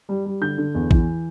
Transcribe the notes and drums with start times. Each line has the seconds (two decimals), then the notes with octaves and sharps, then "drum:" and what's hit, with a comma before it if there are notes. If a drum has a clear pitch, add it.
0.09 G3
0.26 G3
0.41 D3 G6
0.58 D3
0.74 E2
0.91 E3, drum: kick A1